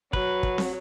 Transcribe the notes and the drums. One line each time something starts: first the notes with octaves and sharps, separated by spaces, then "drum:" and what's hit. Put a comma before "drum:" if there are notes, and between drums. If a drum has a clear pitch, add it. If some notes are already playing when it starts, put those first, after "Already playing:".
F#3 B4, drum: kick
drum: kick
drum: snare